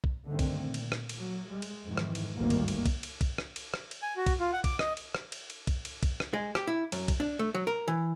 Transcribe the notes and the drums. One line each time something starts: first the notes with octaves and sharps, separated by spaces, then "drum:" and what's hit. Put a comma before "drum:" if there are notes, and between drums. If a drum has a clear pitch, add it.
drum: kick
G2 D3 D#3 A3 C4
drum: kick, cymbal
A#2
drum: cymbal
drum: rim click
drum: cymbal
F#3
G#3
drum: cymbal
F2 G#2 D#3 E3
drum: rim click
drum: cymbal
G#1 D2 G2 D#3 G3 A#3
drum: cymbal
drum: cymbal
drum: kick, cymbal
drum: cymbal
drum: kick, cymbal
drum: rim click
drum: cymbal
drum: rim click
drum: cymbal
G#5
F#4
drum: kick, cymbal
F4
F#5
D6, drum: kick, cymbal
D#5, drum: rim click
drum: cymbal
drum: rim click
drum: cymbal
drum: cymbal
drum: kick, cymbal
drum: cymbal
drum: kick, cymbal
drum: rim click
G#3
G4, drum: rim click
E4
F#2, drum: cymbal
drum: kick, cymbal
D4
A3
F#3
A#4
E3